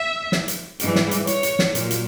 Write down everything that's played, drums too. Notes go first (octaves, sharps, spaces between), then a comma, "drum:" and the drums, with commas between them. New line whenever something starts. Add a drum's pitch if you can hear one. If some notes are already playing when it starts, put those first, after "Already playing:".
Already playing: E5
drum: snare
drum: hi-hat
G#2 E3 G3, drum: hi-hat
drum: snare
drum: hi-hat
C#5, drum: hi-hat
drum: hi-hat
drum: snare
A#2 F#3, drum: hi-hat
drum: hi-hat